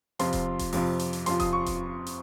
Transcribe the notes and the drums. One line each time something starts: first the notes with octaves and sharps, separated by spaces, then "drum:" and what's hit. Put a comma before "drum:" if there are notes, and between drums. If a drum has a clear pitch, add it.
F2 C3 F3 C4 F4 C6, drum: hi-hat
drum: kick D#1, hi-hat
drum: kick D#1, hi-hat
F2 C3 F3 C4 F4, drum: open hi-hat
drum: hi-hat
drum: hi-hat
F2 C3 F3 C4 F4 C6, drum: hi-hat
D#6, drum: kick D#1, hi-hat
C#6
drum: kick D#1, hi-hat
drum: hi-hat